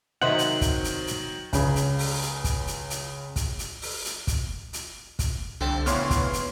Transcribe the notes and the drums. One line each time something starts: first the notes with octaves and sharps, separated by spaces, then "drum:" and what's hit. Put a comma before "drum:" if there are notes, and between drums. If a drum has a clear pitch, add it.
C3 D#3 F#3 C5 D#5 E5 F#5 F#7
drum: hi-hat
drum: kick, hi-hat
drum: hi-hat
drum: hi-hat
C#2 C#3, drum: kick, hi-hat
drum: hi-hat
drum: open hi-hat
drum: hi-hat
drum: kick, hi-hat
drum: hi-hat
drum: hi-hat
drum: kick, hi-hat
drum: hi-hat
drum: open hi-hat
drum: hi-hat
drum: kick, hi-hat
drum: hi-hat
drum: kick, hi-hat
C2 D3 A4 C5 G5 A5
A#1 A2 C#3 E3 B3 C6 F6, drum: hi-hat
drum: kick, hi-hat
drum: hi-hat